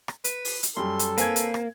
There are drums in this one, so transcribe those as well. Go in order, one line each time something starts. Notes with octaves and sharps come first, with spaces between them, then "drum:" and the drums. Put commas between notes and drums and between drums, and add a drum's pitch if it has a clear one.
drum: rim click
B4, drum: hi-hat
drum: open hi-hat
drum: hi-hat
F#2 G3 A4 C6
drum: hi-hat
A#3 C4 B4 G#5 G#6, drum: hi-hat
drum: hi-hat
drum: rim click